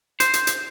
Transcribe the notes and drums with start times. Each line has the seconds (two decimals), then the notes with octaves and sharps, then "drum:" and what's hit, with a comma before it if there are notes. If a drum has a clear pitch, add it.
0.20 C5, drum: hi-hat
0.33 drum: hi-hat
0.47 drum: hi-hat